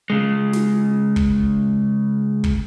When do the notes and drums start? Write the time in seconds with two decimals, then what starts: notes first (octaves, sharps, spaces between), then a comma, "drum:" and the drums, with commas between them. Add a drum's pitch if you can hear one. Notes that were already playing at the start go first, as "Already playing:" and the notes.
0.10 C#3 G#3
0.53 drum: snare
1.16 drum: kick
2.44 drum: kick